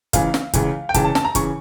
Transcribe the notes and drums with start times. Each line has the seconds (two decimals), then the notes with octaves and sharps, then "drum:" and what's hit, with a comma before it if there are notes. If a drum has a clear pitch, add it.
0.13 C#2 C#3 E3 F5, drum: kick, hi-hat
0.34 drum: snare
0.53 C#2 C#3 E3, drum: kick, hi-hat
0.89 G5
0.94 C#2 C#3 E3 A5, drum: kick, hi-hat
1.04 A5
1.15 A5, drum: snare
1.25 A#5
1.35 C#3 E3 C#6, drum: kick, hi-hat